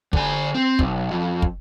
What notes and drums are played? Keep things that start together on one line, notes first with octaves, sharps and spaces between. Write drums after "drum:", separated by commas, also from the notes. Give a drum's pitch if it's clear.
D3 G#5, drum: kick
C4
B1, drum: kick
F2
drum: kick